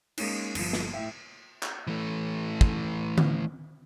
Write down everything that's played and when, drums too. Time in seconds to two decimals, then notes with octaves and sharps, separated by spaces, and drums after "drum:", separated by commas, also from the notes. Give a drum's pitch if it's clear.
0.17 G#3 A#3 C#4 D#4, drum: cymbal
0.55 G1 F3, drum: cymbal
0.73 drum: snare
0.92 A2 E5 G5
1.63 drum: clap
1.87 E3 A3
2.61 drum: kick
3.18 drum: tom D3